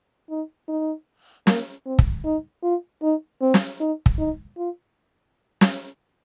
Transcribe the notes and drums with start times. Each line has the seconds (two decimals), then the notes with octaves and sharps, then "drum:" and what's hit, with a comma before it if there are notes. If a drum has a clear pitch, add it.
0.30 D#4
0.69 D#4
1.47 A#3, drum: snare
1.86 C4
1.99 drum: kick
2.24 D#4
2.63 F4
3.02 D#4
3.41 C4
3.54 drum: snare
3.80 D#4
4.06 drum: kick
4.19 D#4
4.58 F4
5.61 drum: snare